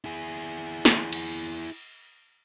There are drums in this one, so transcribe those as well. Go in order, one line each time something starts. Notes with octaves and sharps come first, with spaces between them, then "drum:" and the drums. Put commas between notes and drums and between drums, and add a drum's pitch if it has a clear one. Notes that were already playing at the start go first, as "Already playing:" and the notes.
E4 G#4
drum: snare
drum: cymbal